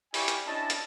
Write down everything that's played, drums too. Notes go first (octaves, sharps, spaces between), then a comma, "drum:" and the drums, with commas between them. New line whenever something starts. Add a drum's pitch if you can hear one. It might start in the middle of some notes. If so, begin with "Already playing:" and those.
E4 G4 D5 G#5 B5 C#6, drum: open hi-hat
drum: hi-hat
C#4 D4 E4 D#5 A5
drum: hi-hat